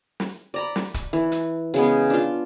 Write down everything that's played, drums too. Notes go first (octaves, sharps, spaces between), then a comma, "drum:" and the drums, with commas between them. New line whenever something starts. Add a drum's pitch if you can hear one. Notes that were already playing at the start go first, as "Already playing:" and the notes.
drum: snare
D5 A#5 B5
drum: snare
drum: kick, hi-hat
E3
drum: hi-hat
C#3 G#3 B3
D4 F4